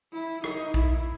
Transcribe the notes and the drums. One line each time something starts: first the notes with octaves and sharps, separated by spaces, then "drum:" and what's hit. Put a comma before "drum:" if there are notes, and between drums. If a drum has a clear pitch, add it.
E4
D#4, drum: rim click
E4, drum: kick